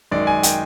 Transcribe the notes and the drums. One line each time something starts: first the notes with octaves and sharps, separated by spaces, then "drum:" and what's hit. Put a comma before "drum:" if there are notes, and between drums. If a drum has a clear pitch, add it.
F#2 D#3 G#3 D5
G#5
G5, drum: hi-hat